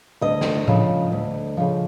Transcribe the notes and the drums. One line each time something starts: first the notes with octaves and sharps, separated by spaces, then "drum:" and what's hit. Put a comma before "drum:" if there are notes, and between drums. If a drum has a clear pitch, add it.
D2 D#5
drum: snare
C#3 F3, drum: tom A2
D2
C#3 F3